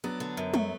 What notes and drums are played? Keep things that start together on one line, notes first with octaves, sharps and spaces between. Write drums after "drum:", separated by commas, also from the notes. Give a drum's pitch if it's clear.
F#3 B3 D4
D3
F#2
A3, drum: tom